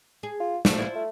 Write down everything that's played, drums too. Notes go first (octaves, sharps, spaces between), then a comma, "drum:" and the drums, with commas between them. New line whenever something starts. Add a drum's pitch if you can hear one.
G#4
F4
D3 F3 A3 F#4, drum: snare
E4 F4 C5
A3